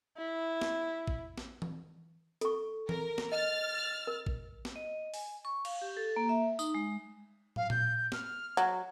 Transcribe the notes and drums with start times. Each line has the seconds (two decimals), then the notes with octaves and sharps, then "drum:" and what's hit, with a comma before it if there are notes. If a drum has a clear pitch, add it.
0.18 E4
0.61 drum: snare
1.08 drum: kick A1
1.38 drum: snare
1.62 drum: tom E3
2.41 A4 C#6, drum: hi-hat
2.89 A#4, drum: tom E3
3.18 drum: snare
3.32 D#5 F6 A6
4.07 A#4
4.26 drum: kick A1
4.65 drum: snare
4.76 D#5
5.14 G#5, drum: open hi-hat
5.45 C#6
5.65 F5, drum: cymbal
5.82 G4
5.97 A4
6.16 A#3
6.29 E5
6.59 D#4, drum: tambourine
6.74 G#3
7.56 F5, drum: tom
7.70 G6, drum: tom A#2
8.12 F6, drum: snare
8.57 F#3, drum: hi-hat